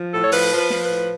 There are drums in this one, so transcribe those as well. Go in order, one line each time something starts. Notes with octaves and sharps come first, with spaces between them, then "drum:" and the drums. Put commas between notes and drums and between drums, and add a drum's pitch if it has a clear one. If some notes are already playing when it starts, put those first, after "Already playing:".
Already playing: F3
A2 A4
C#5
F3 B4, drum: open hi-hat
F3
B4
F3, drum: snare
B4
A2